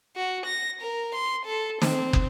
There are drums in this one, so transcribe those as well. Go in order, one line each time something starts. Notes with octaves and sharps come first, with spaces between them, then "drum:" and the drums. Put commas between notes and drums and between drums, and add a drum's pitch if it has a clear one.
F#4
A#6
A#4
C6
A4
C4, drum: snare
drum: kick